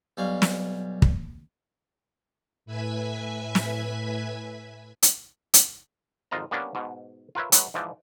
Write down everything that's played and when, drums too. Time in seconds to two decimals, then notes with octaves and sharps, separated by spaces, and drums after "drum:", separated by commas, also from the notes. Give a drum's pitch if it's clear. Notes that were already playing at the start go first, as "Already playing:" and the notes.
0.17 B1 G3 F5 G#5
0.42 drum: snare
1.02 drum: kick
2.66 A2 B4 E5 G#5 G#6 B6
3.55 drum: snare
5.03 drum: hi-hat
5.54 drum: hi-hat
6.31 G#1 F2 F4 D#5 A#5
6.51 G3 A#3 B3 C#4 D4
6.75 G#2 B2
7.35 F4 A#4 B4 C#5 E5
7.52 F#3 G#3 B4, drum: hi-hat
7.74 G#2 E3 F3 D5